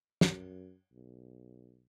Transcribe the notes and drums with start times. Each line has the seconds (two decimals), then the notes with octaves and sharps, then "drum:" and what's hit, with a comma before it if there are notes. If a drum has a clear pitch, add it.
0.21 F#2, drum: snare
0.92 B1